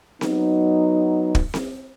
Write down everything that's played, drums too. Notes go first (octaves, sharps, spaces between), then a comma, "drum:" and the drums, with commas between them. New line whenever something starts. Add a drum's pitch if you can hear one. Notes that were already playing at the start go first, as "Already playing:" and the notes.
F#3 B3 D#4, drum: snare C4
drum: kick
drum: snare C4